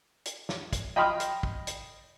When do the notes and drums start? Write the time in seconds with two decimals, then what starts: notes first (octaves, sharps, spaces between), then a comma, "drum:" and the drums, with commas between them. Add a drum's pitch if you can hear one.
0.25 drum: hi-hat
0.49 drum: snare
0.73 drum: kick, hi-hat
0.96 D#5 G5 B5 C6 D#6 F6
1.20 drum: hi-hat
1.43 drum: kick
1.67 drum: hi-hat